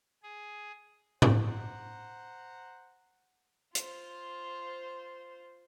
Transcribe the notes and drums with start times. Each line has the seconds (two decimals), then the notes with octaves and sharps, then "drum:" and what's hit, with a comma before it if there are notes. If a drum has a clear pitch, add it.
0.23 G#4
1.22 C5 F#5 A#5, drum: tom A2
3.75 F4 C5, drum: hi-hat